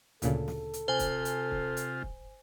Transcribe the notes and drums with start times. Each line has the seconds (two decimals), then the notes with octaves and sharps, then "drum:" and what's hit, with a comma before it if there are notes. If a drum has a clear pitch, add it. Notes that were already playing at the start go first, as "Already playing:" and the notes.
0.22 D2 A#2 C#3 A4, drum: hi-hat
0.48 drum: snare
0.73 drum: hi-hat
0.88 C3 F4 C5 G#5
0.99 drum: kick, hi-hat
1.25 drum: hi-hat
1.51 drum: kick
1.77 drum: hi-hat
2.02 drum: kick